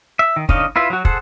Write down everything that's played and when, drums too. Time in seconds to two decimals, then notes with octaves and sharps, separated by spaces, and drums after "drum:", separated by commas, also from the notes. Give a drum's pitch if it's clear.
0.19 E5
0.36 D#3
0.49 D3 C#4 D#4 D#5 F5, drum: kick
0.76 E4 F4 B4 E5
0.90 F#3 F#4
1.05 G#4 A4 C5 F#5, drum: kick